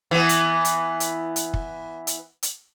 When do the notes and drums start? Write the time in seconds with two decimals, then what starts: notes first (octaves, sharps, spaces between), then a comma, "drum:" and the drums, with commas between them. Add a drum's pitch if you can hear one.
0.11 E3 B3
0.29 drum: hi-hat
0.65 drum: hi-hat
1.00 drum: hi-hat
1.36 drum: hi-hat
1.54 drum: kick
2.07 drum: hi-hat
2.43 drum: hi-hat